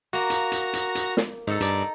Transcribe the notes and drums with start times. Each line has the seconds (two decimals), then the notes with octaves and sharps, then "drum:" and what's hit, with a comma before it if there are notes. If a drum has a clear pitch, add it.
0.13 A#3 F#4 A#5 A#6
0.30 drum: hi-hat
0.52 drum: hi-hat
0.73 drum: hi-hat
0.95 drum: hi-hat
1.17 drum: snare
1.47 G#2 D#4 A4 C#7
1.61 G2 D5, drum: hi-hat